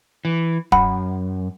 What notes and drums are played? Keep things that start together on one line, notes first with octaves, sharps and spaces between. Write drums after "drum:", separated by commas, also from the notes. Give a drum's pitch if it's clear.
E3
F#2 F#5 B5, drum: kick